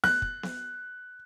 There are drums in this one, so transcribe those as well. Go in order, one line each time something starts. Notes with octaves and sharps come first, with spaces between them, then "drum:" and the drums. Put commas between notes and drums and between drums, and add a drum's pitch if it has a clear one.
F#6, drum: snare B3
drum: kick
drum: snare B3